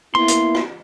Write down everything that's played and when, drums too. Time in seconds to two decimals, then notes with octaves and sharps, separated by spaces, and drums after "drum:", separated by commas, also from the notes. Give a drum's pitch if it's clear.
0.15 A#3 B3 E4 C6
0.28 drum: hi-hat
0.55 drum: rim click